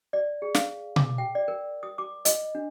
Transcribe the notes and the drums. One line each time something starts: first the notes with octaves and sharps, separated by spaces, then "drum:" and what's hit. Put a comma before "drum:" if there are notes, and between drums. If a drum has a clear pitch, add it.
D5
G#4
F5, drum: snare
D6, drum: tom B2
G5
D5
A#4
D#6
D6
D#5, drum: hi-hat
D4